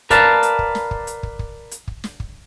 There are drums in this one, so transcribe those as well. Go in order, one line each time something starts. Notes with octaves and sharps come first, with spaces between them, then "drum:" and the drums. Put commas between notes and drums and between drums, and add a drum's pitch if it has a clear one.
A#4 B4 D5 F5 A5, drum: kick, hi-hat
drum: hi-hat
drum: kick
drum: snare
drum: kick
drum: hi-hat
drum: kick
drum: kick
drum: hi-hat
drum: kick
drum: snare
drum: kick